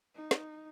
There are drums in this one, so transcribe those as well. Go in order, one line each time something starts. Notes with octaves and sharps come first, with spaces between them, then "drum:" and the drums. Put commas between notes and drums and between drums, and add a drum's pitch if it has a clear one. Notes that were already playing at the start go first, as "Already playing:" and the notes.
D#4
drum: snare